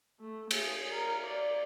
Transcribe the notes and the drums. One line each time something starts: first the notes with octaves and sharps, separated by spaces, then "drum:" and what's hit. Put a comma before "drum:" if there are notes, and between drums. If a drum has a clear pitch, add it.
A3
G#4, drum: cymbal
A#4
D5